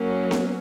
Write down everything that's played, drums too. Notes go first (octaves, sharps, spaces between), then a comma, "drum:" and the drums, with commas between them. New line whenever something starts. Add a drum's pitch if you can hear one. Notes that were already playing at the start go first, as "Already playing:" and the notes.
Already playing: F#3 A#3 C#4
drum: snare B3